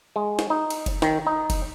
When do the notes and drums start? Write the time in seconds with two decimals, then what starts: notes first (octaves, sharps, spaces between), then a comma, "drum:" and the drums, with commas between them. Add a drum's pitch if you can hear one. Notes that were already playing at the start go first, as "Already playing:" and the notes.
0.16 G#3
0.39 drum: snare
0.50 D#4
0.70 drum: cymbal
0.86 drum: kick F1, cymbal
1.02 D#3, drum: snare
1.27 D#4
1.50 drum: kick F1, cymbal